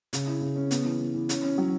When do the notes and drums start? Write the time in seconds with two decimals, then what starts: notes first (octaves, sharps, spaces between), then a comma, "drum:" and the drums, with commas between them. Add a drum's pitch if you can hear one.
0.13 C#3, drum: hi-hat
0.27 E4
0.42 C#3
0.56 C#4
0.71 B3, drum: hi-hat
0.85 E3
1.00 E3
1.14 E3
1.29 C#4, drum: hi-hat
1.43 C#4
1.58 F#3